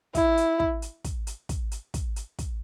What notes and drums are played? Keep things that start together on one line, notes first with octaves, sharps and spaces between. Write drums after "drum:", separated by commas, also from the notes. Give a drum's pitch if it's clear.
E4, drum: kick, hi-hat
drum: hi-hat
drum: kick
drum: hi-hat
drum: kick, hi-hat
drum: hi-hat
drum: kick, hi-hat
drum: hi-hat
drum: kick, hi-hat
drum: hi-hat
drum: kick, hi-hat